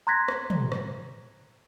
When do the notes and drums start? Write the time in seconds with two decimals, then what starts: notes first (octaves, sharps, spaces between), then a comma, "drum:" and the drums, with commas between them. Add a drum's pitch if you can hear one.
0.07 A#5 C6 F#6 G#6 A#6 B6
0.28 drum: rim click
0.50 drum: tom
0.72 drum: rim click